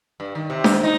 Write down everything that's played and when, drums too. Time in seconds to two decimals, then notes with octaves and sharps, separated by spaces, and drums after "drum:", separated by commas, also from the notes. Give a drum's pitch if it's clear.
0.20 G2
0.35 D#3
0.50 C3
0.64 drum: snare D4
0.83 D#4